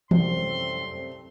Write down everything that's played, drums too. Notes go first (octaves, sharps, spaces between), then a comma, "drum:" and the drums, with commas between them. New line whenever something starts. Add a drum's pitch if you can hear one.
C2 F#2 A3 C4 C6, drum: tom E3